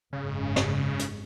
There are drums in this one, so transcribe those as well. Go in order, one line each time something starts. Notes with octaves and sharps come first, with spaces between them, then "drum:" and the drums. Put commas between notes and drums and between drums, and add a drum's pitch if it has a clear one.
G#1 F#2 C#3 G#3
drum: snare
drum: hi-hat